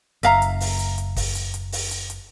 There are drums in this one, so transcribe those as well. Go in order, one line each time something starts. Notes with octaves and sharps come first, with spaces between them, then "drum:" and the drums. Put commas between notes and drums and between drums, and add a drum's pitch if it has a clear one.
F#1 E5 F5 A#5, drum: hi-hat
drum: hi-hat
drum: open hi-hat
drum: hi-hat
drum: hi-hat
drum: kick, open hi-hat
drum: hi-hat
drum: hi-hat
drum: open hi-hat
drum: hi-hat
drum: hi-hat